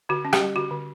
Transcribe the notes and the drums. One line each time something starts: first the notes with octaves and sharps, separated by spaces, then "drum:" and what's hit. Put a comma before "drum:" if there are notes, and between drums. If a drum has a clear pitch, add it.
D3 F#4
C#4
G4, drum: rim click
G3
D3 F#4
D3